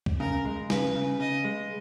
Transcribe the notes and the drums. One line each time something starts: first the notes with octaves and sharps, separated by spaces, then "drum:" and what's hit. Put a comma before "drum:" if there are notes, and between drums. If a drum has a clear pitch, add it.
drum: kick
C#3 A#4
G#3
C#3 B4, drum: snare
C#3
C#3 D#5
G#3